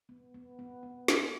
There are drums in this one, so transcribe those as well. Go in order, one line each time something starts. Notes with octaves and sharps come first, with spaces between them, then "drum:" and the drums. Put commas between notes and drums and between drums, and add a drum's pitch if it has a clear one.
B3
B3
B3
B3
B3, drum: snare